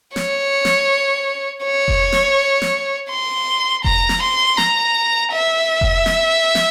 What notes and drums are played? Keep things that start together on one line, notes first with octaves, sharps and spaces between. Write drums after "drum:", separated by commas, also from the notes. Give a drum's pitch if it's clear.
C#5, drum: snare
drum: snare
C#5
drum: kick F1
drum: snare
drum: snare
C6
A#5, drum: kick F1
drum: snare
C6
A#5, drum: snare
E5
drum: kick F1
drum: snare
drum: snare